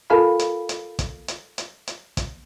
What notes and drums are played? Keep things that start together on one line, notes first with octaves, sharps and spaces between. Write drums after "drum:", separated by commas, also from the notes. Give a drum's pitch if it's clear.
F4 A4 A#4 F5 G#5 B5
drum: hi-hat
drum: hi-hat
drum: kick, hi-hat
drum: hi-hat
drum: hi-hat
drum: hi-hat
drum: kick, hi-hat